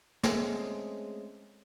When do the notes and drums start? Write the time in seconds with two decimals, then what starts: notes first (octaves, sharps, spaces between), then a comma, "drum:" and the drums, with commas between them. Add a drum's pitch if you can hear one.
0.23 G#3 A3 C4 C#4 G#4, drum: snare